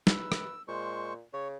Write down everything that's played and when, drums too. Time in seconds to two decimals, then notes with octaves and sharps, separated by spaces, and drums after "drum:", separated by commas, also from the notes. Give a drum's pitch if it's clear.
0.07 B4 E6, drum: snare
0.32 drum: rim click
0.68 A#2 G#3 C5 C#6
1.33 C#3 C#5